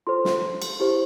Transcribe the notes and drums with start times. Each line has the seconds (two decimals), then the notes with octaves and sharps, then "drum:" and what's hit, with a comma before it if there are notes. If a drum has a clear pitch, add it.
0.07 F4 A4 C5 C6
0.25 drum: snare
0.62 drum: cymbal
0.80 E4 G4 C5